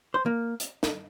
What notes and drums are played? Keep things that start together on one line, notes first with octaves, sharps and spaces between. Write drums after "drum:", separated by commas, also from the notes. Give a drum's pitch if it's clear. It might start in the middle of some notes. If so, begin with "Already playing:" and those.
C5
A#3
drum: hi-hat
drum: snare